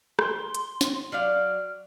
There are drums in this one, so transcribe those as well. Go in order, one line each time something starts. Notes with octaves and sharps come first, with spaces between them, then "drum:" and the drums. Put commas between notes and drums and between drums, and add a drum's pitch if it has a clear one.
C6, drum: rim click
drum: hi-hat
drum: snare
F#3 D5 F5 F6